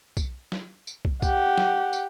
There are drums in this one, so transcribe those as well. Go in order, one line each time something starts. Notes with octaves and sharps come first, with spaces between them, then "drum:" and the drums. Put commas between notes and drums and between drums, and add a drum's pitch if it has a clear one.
drum: kick, tambourine
drum: snare
drum: tambourine
drum: kick
G4 F#5, drum: kick, tambourine
drum: snare
drum: tambourine